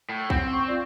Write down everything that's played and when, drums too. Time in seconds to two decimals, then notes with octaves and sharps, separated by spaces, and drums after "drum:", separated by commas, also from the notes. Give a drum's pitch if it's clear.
0.09 A2
0.30 C4 C#5 F#5, drum: kick A#1
0.49 C#6
0.68 F4 D5